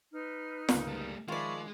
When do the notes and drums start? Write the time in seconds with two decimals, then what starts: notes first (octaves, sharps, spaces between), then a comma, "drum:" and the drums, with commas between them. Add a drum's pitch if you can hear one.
0.13 D#4 B4 F6
0.69 G1 C#2 A#3, drum: snare
0.88 G3 A3
1.28 D#3 F3 G#3 F4 D5 E5 B5 C#6